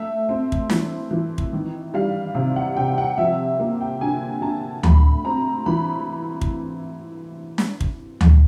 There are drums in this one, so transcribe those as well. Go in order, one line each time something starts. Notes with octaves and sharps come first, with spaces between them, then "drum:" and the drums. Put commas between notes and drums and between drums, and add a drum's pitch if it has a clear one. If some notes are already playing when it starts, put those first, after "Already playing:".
Already playing: A3 E5
C4
drum: kick
E3, drum: snare
E3
drum: kick
D#3
G3 F5
C3 F5
F#5
C3 G5
F#5
F3 E5
A#3
G5
D3 G#5
D3 A5
A3 B5, drum: tom D2
C4 A#5
E3 B5
drum: kick
drum: snare
drum: kick
drum: tom D2